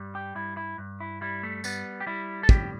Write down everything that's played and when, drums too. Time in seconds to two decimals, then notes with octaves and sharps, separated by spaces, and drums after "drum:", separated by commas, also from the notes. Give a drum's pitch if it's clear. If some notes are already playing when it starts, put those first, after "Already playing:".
Already playing: G2 G3
0.15 G4
0.35 G2 E4
0.57 E4
0.78 G2
1.00 E4
1.21 G3 E4
1.43 A3
1.64 G3 B3, drum: tambourine
2.01 G4
2.07 G3 E4
2.43 A4
2.49 A2 G4, drum: kick